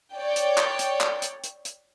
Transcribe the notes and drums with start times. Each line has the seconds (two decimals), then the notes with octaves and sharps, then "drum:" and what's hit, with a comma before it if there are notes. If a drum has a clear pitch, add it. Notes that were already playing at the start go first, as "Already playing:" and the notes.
0.15 C#5 D5 G5
0.36 drum: hi-hat
0.58 drum: clap
0.79 drum: hi-hat
1.01 drum: clap
1.22 drum: hi-hat
1.44 drum: hi-hat
1.65 drum: hi-hat